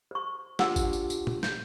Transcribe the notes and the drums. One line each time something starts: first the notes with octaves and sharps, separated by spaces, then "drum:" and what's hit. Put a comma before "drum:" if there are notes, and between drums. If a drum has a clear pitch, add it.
C5 C#6
D4 F4 G4 C5 F#5 E6, drum: snare
drum: kick G#1, tambourine
drum: tambourine
drum: tambourine
drum: tom
G6, drum: snare